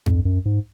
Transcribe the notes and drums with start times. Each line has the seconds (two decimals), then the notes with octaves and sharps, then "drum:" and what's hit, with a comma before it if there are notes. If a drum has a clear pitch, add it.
0.06 F2, drum: tom G2
0.25 F#2
0.45 G#2